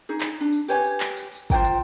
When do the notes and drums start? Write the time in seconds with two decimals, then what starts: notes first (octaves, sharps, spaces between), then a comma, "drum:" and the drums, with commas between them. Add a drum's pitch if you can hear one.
0.09 D#4 G#4
0.21 drum: clap
0.41 D4
0.52 drum: tambourine
0.68 G4 B4 C#5 G#5, drum: tambourine
0.84 drum: tambourine
1.00 drum: clap
1.16 drum: tambourine
1.32 drum: tambourine
1.50 F4 C5 G5 A#5, drum: kick, tambourine
1.64 drum: tambourine